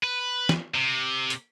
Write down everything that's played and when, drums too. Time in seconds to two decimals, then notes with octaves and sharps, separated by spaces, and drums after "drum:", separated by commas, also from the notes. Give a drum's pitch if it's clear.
0.04 B4
0.49 drum: snare
0.75 C3
1.30 drum: hi-hat